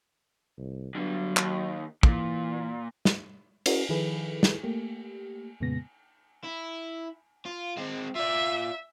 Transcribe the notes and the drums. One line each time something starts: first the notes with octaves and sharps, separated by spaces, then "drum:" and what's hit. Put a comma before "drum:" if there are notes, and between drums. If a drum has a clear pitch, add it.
C2
G2 D3 F#3
D#2, drum: clap
A#2 E3, drum: kick
drum: snare
C#4 E4 F#4 G#4 A#4 D#5, drum: cymbal
D#3 F3 E4 G#4 A4 B4
drum: snare
A3 A#3 G4
F2 A#2 C#3 G#3 B3 A#6
E4
F4
G#3 C4
F4 D5 E5